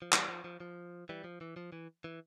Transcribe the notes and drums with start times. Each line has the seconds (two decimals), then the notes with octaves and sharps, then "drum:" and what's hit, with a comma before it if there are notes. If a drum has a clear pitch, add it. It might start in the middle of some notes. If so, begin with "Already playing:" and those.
0.02 F3
0.13 E3 G3, drum: clap
0.28 F3
0.44 F3
0.60 F3
1.09 E3 G3
1.24 F3
1.41 E3
1.56 F3
1.72 E3
2.04 E3